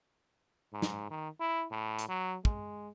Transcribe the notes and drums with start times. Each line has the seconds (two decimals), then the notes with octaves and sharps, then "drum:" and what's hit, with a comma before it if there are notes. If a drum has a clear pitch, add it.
0.73 G#2
0.82 drum: snare
1.10 D#3
1.40 E4
1.71 A2
1.99 drum: hi-hat
2.09 F#3
2.45 G#3, drum: kick